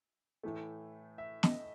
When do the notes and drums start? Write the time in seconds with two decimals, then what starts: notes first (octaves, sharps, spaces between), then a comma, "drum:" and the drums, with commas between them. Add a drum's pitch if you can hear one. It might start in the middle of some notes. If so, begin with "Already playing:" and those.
0.43 A2 E3 A3
1.18 E5
1.43 D#5, drum: snare